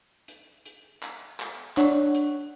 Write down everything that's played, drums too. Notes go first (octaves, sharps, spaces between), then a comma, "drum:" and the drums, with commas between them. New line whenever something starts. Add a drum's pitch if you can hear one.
drum: hi-hat
drum: hi-hat
drum: clap
drum: clap
D4 C#5 F#5, drum: clap
drum: hi-hat